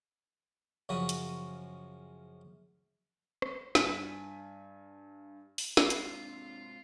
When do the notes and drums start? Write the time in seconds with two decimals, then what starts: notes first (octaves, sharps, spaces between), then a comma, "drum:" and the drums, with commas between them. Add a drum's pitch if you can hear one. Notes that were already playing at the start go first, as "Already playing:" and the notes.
0.89 F#2 C#3 F3 F#4 B5 D#6
1.09 drum: hi-hat
3.42 drum: rim click
3.75 G2 G#5 B6 D#7, drum: snare
5.58 drum: open hi-hat
5.77 G#2 C3 C4 D4 F4 C7, drum: snare
5.90 drum: hi-hat